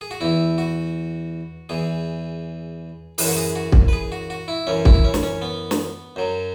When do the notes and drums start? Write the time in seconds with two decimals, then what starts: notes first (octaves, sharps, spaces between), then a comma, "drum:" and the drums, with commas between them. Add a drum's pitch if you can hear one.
0.01 G#4
0.11 F#4
0.21 E2 E3 E4
0.58 F#4
1.69 E2 E3 G#4
3.18 F#2 E3 G#4, drum: open hi-hat
3.28 F#4
3.37 G#4
3.56 F#4
3.72 drum: kick
3.88 B4
3.93 G#4
4.12 F#4
4.30 F#4
4.48 E4
4.67 F#2 E3 C#4
4.85 E4, drum: kick
5.04 C#4
5.14 drum: snare
5.23 C#4
5.42 B3
5.71 drum: snare
6.16 F#2 F#3